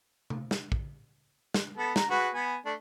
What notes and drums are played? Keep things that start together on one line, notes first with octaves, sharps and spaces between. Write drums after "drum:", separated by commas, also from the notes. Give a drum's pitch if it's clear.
drum: tom C3
drum: snare
drum: kick
drum: snare
B3 A4
A#5, drum: snare
F#4 G#4 B4
B3 G#5
A3 D4